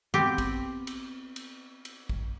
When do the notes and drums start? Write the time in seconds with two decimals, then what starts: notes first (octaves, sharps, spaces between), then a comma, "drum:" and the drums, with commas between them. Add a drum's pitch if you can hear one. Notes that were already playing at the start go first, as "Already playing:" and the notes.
0.14 B3 C4 G4
0.38 drum: kick, cymbal
0.87 drum: cymbal
1.36 drum: cymbal
1.85 drum: cymbal
2.09 drum: kick